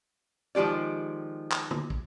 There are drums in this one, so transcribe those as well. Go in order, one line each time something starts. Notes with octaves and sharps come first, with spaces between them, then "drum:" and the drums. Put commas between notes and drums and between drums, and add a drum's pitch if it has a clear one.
D#3 F3 G#3 G4 D5
drum: clap
drum: tom
drum: kick